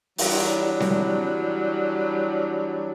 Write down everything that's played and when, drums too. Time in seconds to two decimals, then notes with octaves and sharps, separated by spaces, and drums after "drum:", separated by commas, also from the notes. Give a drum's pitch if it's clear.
0.18 E3 F#3 G3 D4, drum: open hi-hat
0.80 drum: snare C4